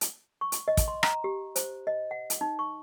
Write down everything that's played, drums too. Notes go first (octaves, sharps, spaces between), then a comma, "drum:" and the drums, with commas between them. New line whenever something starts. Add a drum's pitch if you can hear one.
drum: hi-hat
C#6
drum: hi-hat
D#5
drum: kick, hi-hat
C6
A#5, drum: rim click
G4
C5, drum: hi-hat
D#5
F#5
drum: hi-hat
D#4
C#6